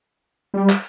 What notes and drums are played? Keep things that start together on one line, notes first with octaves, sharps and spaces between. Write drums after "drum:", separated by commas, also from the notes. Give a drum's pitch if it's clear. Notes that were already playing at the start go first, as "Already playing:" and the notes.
G3
drum: clap